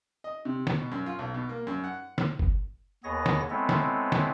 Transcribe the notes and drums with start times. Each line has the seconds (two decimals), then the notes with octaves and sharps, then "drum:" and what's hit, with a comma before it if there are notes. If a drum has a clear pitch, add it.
0.24 D#5
0.45 C3
0.67 drum: snare
0.79 B2
0.92 F#2
1.06 F4
1.19 B1
1.34 B2
1.49 A#3
1.67 F#2
1.84 F#5
2.18 drum: snare
2.39 drum: kick F#1
3.04 D#2 B3 G#4 C#5 D#5 A#6
3.26 drum: snare
3.50 G#3 B3 C4 E4 A4 C#5
3.69 drum: snare
4.12 drum: snare